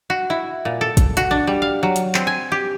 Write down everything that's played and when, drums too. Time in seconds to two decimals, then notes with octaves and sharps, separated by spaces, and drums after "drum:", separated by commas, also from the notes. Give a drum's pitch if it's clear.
0.10 F#4
0.30 E4
0.65 A#2
0.81 A4
0.97 drum: kick, hi-hat
1.17 F#4, drum: hi-hat
1.31 D4
1.47 G3
1.62 F5
1.83 F#3
1.96 drum: hi-hat
2.15 C4, drum: clap
2.27 G#5
2.52 G4